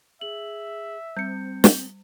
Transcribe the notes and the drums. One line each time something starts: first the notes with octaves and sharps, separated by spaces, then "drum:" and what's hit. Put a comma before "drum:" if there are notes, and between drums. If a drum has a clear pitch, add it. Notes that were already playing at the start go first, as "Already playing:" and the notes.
G#4 E5 F#7
G3 C4 G6 C#7
drum: snare